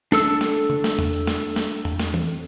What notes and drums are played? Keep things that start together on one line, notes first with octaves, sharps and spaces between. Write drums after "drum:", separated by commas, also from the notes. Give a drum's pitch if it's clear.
D4 A4 E6, drum: snare
drum: tambourine
drum: snare
drum: tambourine
drum: tom C#3
drum: snare
drum: tom E2
drum: tambourine
drum: snare
drum: tambourine
drum: snare
drum: tambourine
drum: tom E2
drum: snare
drum: tom E3
drum: tambourine